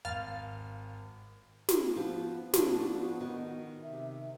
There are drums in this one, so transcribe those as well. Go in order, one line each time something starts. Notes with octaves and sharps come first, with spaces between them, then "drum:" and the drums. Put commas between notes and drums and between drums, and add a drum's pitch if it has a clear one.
G#1 F5 F6 A6
drum: snare
F3 B3
F3 D4 F#4, drum: snare
D#3
C3 E5